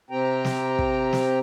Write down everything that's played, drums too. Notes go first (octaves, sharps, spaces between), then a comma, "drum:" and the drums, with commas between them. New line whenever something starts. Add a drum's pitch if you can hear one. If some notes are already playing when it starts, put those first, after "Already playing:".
C3 C4 G4 G5 A#5
drum: snare
drum: kick
drum: snare